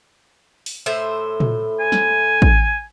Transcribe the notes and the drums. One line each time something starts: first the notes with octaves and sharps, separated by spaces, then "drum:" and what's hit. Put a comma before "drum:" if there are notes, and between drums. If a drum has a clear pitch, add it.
drum: open hi-hat
A2 C5 E5
drum: tom
G#5
drum: snare
drum: kick A1